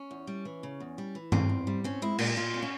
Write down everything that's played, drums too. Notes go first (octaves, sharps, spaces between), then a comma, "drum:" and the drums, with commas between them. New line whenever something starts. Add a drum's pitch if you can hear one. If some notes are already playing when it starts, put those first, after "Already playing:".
Already playing: C#4
E2
G3
E3
C#3
E2
G3
E3
C#3 C4, drum: tom G2
E2
G3
C4 C#4
G#3 E4
A#2 G4, drum: cymbal
A#2 F4
C4
C#4